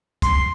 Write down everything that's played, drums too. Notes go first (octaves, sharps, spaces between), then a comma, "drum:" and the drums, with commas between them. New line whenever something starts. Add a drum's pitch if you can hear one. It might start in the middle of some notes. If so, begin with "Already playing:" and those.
C6, drum: kick, hi-hat